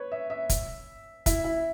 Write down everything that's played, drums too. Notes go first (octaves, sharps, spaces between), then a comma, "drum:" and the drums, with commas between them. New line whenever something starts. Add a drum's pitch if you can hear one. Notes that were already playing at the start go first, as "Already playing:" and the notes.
Already playing: B4 C#5
E5
E5
drum: kick, hi-hat
E4, drum: kick, hi-hat
E4